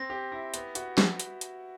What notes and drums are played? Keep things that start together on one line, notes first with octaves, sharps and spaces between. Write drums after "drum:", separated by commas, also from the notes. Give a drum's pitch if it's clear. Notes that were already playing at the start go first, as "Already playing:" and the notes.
Already playing: C4 A#6
G4
E4
B3, drum: hi-hat
F#4, drum: hi-hat
drum: snare
drum: hi-hat
drum: hi-hat